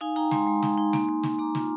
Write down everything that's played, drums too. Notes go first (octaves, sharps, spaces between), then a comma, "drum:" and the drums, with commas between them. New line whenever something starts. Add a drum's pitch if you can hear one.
D#4 F5 G#5
D#4 G5 A#5
G#3 G#5 C6, drum: snare
G#3
D#4, drum: snare
D#4
A#3, drum: snare
A#3
A#3, drum: snare
A#3 A#5 D6
F4, drum: snare